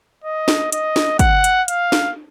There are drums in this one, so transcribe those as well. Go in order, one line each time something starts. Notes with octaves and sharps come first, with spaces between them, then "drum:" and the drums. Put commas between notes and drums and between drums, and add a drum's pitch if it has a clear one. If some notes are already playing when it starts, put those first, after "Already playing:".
D#5
drum: snare
D#5, drum: hi-hat
drum: snare
F#5, drum: kick, hi-hat
drum: hi-hat
F5, drum: hi-hat
drum: snare